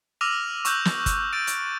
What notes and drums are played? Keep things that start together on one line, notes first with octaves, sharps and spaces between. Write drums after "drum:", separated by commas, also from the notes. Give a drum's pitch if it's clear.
D6 E6 F6 A#6 D#7 F7
C#6 D6 E6 F#6 G6, drum: hi-hat
drum: snare
drum: kick G1, hi-hat
E6 G6 A6 D7 D#7
drum: hi-hat